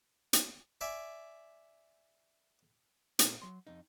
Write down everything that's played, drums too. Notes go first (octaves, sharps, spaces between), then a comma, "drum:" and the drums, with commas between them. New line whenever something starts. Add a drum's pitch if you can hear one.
drum: hi-hat
D5 E5 G#5
A#2 A3 A#3 C4, drum: hi-hat
F#3 C6
F2 D#4